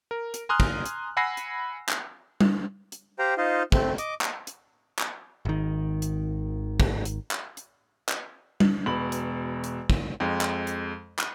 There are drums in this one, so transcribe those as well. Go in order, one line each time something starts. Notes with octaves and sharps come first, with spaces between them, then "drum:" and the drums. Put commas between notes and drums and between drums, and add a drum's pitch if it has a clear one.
A#4
drum: hi-hat
G#5 A#5 C6 D#6 F6 F#6
drum: kick
drum: hi-hat
F#5 G#5 B5 E6 A#6 C7
drum: hi-hat
drum: clap
drum: tom G3
drum: hi-hat
G4 C5 F5 G5 A#5
D#4 F4 C5 D#5 F5
A3 C4, drum: kick
D#5 D6, drum: hi-hat
drum: clap
drum: hi-hat
drum: clap
G#1 D#3
drum: hi-hat
drum: kick
drum: hi-hat
drum: clap
drum: hi-hat
drum: clap
drum: tom G3
E1 B2 B5 F#7
drum: hi-hat
drum: hi-hat
drum: kick
F2 G#3
drum: clap
drum: hi-hat
drum: clap